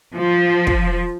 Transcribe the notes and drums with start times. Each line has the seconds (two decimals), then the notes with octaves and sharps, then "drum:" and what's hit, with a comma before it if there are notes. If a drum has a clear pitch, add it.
0.16 F3
0.67 drum: kick